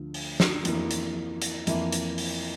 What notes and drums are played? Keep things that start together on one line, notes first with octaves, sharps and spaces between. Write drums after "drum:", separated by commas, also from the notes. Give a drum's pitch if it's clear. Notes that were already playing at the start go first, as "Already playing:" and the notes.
Already playing: D2 D3 F3
drum: open hi-hat
drum: snare
F2 E3 A#3, drum: hi-hat
drum: hi-hat
drum: hi-hat
F2 E3 A#3 E4, drum: hi-hat
drum: hi-hat
drum: open hi-hat